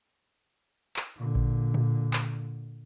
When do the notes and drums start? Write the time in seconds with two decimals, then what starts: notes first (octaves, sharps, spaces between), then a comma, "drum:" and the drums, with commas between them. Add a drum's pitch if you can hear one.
0.96 drum: clap
1.16 A#2 D3
1.35 drum: kick A1
1.74 drum: tom
2.13 drum: clap